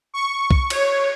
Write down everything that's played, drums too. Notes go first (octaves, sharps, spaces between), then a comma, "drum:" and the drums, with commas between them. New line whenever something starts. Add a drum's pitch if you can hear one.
C#6
drum: kick
C#5, drum: cymbal